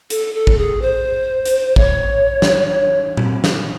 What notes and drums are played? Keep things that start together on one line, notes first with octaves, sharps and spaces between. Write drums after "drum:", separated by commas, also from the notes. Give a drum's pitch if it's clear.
A4, drum: hi-hat
A4
drum: kick
G#4
C5
drum: hi-hat
C#5, drum: kick
drum: snare
C#5
drum: tom A#2
drum: snare